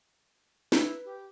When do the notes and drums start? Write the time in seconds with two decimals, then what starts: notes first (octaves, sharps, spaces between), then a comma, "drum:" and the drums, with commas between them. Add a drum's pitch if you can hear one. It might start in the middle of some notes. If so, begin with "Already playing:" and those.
0.72 E4 B4, drum: snare
1.05 G4